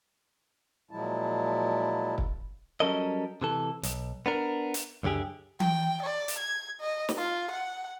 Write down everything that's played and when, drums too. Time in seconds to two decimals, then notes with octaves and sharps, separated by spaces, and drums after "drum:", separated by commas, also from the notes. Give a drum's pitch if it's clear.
0.91 A#2 F3 F#3 G#3 E4 A5
2.18 drum: kick
2.80 F#3 G3 C#4 A4 A#4 D#5
3.42 C3 E3 A4
3.83 B1, drum: hi-hat
4.26 B3 D4 A#4
4.74 drum: hi-hat
5.03 C#2 F#2 D3 G4 G#4
5.60 G5, drum: tom E3
6.03 D5
6.28 drum: hi-hat
6.39 G#6
6.80 D#5
7.09 drum: snare
7.18 F4
7.51 F#5